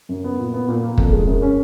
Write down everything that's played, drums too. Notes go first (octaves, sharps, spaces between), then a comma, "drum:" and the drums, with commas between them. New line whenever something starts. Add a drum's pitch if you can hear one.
F#2
B3
A#2
B3
A#2
A#3
F2, drum: kick
G#3
F#2
C#4